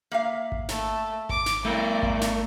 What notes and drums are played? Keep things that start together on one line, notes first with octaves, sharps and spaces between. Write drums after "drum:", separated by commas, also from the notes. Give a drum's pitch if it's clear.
A#3 E5 F5
drum: kick G#1
A3, drum: snare
D6, drum: kick G#1
drum: snare
A3 C4 E4 A#4 D5
drum: kick G#1
drum: snare